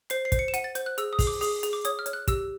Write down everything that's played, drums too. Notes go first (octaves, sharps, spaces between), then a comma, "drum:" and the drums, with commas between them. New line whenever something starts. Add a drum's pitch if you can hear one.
C5 C7, drum: hi-hat
C7
C5, drum: kick, hi-hat
C#7
E7
F#5 D#7, drum: hi-hat
A6
C5 G6, drum: hi-hat
F#6
G#4 E6, drum: hi-hat
D#6
G#4, drum: kick, open hi-hat
D6
G#4 D#6, drum: open hi-hat
G#4, drum: hi-hat
D6
C#5 D#6, drum: hi-hat
F6
C#5, drum: hi-hat
F#6
G4 E6, drum: kick, hi-hat